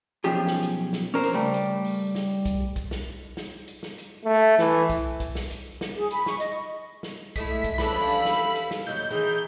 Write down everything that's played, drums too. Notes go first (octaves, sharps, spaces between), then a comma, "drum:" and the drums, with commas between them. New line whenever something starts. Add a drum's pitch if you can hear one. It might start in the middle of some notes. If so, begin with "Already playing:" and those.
B1 F3 C#4 G4 G#4
drum: snare
drum: hi-hat
drum: snare
C#4 A#4 C5
drum: hi-hat
C#3 G3 A3
drum: hi-hat
drum: open hi-hat
drum: snare
drum: kick B1, hi-hat
drum: kick B1, hi-hat
drum: snare
drum: snare
drum: hi-hat
drum: snare
drum: hi-hat
A3
E3, drum: snare
drum: kick B1, hi-hat
drum: kick B1, hi-hat
drum: snare
drum: hi-hat
drum: snare
G#4
B5, drum: hi-hat
C#6, drum: snare
D#5, drum: hi-hat
drum: snare
G#3 A3 E4 B6, drum: kick B1, hi-hat
drum: kick B1, hi-hat
E3 C#4 D4 A4 B5, drum: snare
G2 F3
drum: snare
drum: hi-hat
drum: snare
D#2 F#3 D#5 G6, drum: hi-hat
D#3 E3 D#4 G#4